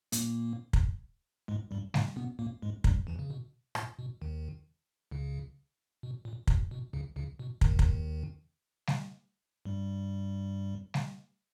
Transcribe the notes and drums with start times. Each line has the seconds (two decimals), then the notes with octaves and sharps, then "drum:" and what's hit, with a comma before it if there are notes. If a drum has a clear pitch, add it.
0.12 A#2 A#3, drum: hi-hat
0.73 drum: kick
1.48 G#2 G#3
1.71 G2 G3
1.94 G#2 G#3, drum: snare G3
2.16 B2 B3
2.39 A#2 A#3
2.62 G#2 G#3
2.84 G2 G3, drum: kick
3.07 E2 E3
3.19 C#3
3.30 B2
3.75 A#2, drum: rim click
3.99 B2
4.21 D#2 D#3
5.11 C#2 C#3
6.03 B2
6.25 A#2
6.47 B2, drum: kick
6.71 B2
6.93 C#2 C#3
7.16 C#2 C#3
7.39 B2
7.61 D#2 D#3, drum: kick
7.79 drum: kick
8.87 drum: snare G3
9.65 G2 G3
10.94 drum: snare G3